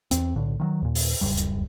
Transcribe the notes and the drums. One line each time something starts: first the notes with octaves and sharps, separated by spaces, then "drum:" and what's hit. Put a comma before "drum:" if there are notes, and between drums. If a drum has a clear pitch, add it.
E2 C4, drum: hi-hat
B1 A2 D3
D#3 F3 F#3
D#2 A#2
drum: open hi-hat
D1 C#2 F#2 G3
drum: hi-hat